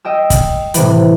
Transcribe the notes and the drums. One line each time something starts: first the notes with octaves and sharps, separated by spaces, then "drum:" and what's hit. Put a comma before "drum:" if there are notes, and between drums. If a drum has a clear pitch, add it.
D#5 G5 E6
drum: kick, hi-hat
A2 C3 E3, drum: hi-hat